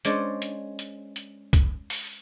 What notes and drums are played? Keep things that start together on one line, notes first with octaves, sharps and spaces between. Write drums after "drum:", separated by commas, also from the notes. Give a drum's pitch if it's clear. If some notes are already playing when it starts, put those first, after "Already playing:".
G#3 C#4 D4 C5 D5, drum: hi-hat
drum: hi-hat
drum: hi-hat
drum: hi-hat
drum: kick C2, hi-hat
drum: open hi-hat